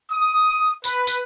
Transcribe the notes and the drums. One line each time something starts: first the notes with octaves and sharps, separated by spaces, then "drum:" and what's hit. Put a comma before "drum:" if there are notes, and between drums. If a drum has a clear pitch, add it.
D#6
B4, drum: tambourine
drum: tambourine